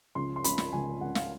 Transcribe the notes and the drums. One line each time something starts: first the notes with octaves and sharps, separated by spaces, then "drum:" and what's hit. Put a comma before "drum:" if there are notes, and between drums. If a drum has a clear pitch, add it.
C#2 C#3 F3 C6
C6
C#2 C#3 F3 B5, drum: hi-hat
B5, drum: snare
C#2 C#3 F3 G#5
C#2 C#3 F3 F#5
F5, drum: snare